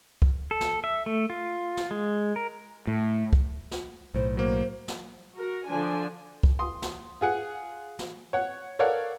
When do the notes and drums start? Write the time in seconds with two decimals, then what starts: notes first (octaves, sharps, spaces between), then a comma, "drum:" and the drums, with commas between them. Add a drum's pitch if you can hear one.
0.22 drum: kick
0.51 A4
0.61 drum: snare
0.84 E5
1.06 A3
1.30 F4
1.77 drum: snare
1.91 G#3
2.36 A#4
2.87 A2
3.33 drum: kick
3.71 drum: snare
4.14 B1 A2 C5
4.37 F#3 A#3 C5
4.88 drum: snare
5.35 F#4 A#4
5.68 D3 F3 D4 G#5
6.43 drum: kick
6.59 C6 D#6
6.82 drum: snare
7.21 F4 G#4 F#5
7.99 drum: snare
8.33 C#5 F#5
8.79 A4 A#4 C#5 D5 F5 F#5